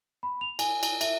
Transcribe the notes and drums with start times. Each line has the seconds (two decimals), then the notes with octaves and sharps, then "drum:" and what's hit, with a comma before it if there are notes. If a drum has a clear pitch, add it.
0.23 B5
0.41 F7
0.59 G#5, drum: cymbal
0.83 drum: cymbal
1.01 E5, drum: cymbal